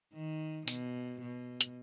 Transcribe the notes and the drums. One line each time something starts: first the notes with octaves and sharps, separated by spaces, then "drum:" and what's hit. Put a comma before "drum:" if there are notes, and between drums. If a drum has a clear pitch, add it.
D#3
B2, drum: tambourine
B2
drum: hi-hat